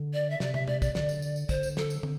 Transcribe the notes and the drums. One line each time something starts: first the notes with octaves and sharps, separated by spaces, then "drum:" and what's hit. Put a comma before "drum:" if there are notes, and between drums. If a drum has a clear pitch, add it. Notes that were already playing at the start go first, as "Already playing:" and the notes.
Already playing: D3
D5
E5
C3 D5, drum: snare
E5, drum: tom
D5, drum: tom
D5, drum: kick, tambourine
D3 D5, drum: snare
drum: tambourine
drum: tambourine
drum: tambourine
D3 C5, drum: kick, tambourine
drum: tambourine
A4, drum: snare
drum: tambourine
D3, drum: tom